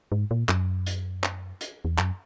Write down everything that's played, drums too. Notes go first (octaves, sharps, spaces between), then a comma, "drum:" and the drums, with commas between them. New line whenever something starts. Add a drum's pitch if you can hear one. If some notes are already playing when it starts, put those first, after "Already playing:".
G#2
A#2
F#2, drum: clap
drum: hi-hat
drum: clap
drum: hi-hat
E2
F#2, drum: clap